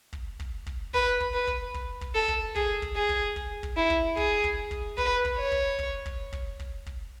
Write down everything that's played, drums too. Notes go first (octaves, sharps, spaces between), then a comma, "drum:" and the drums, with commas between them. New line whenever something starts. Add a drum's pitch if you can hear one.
drum: kick
drum: kick
drum: kick
B4, drum: kick
drum: kick
B4
drum: kick
drum: kick
drum: kick
A4
drum: kick
G#4, drum: kick
drum: kick
G#4
drum: kick
drum: kick
drum: kick
E4
drum: kick
G#4, drum: kick
drum: kick
drum: kick
B4, drum: kick
drum: kick
C#5
drum: kick
drum: kick
drum: kick
drum: kick
drum: kick
drum: kick